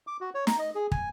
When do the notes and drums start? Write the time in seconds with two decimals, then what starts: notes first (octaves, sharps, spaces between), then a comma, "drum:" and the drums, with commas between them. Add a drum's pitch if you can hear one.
0.07 D6
0.21 F#4
0.35 C#5
0.47 A#5, drum: snare
0.59 D#5
0.75 G#4
0.92 G#5, drum: kick